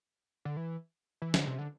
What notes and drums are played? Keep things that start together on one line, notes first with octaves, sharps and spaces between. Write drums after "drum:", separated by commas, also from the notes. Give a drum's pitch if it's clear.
D3
E3
E3
D3, drum: snare
C3
D3